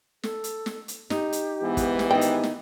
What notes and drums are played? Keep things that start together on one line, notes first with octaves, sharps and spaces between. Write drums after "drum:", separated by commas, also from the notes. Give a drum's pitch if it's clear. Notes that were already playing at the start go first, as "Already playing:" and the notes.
A4, drum: snare
drum: hi-hat
drum: snare
drum: hi-hat
D#4 G4, drum: snare
drum: hi-hat
G#2 E3 B3
drum: kick, hi-hat
drum: snare
D#3 D#4 G5
drum: hi-hat
drum: snare